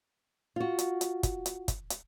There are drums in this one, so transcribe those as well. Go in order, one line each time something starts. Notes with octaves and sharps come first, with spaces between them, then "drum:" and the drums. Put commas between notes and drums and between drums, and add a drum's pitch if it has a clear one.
F4 F#4
drum: hi-hat
drum: hi-hat
drum: kick, hi-hat
drum: hi-hat
drum: kick, hi-hat
drum: hi-hat